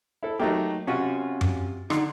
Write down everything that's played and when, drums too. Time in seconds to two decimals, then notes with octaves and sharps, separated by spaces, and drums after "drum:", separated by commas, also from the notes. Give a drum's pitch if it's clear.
0.23 E4 A4
0.40 F#3 A3 A#3 D#4 G4
0.87 C3 C#4 F4 F#4
1.41 drum: tom F#2
1.90 D3 D#4 F#5 C6, drum: rim click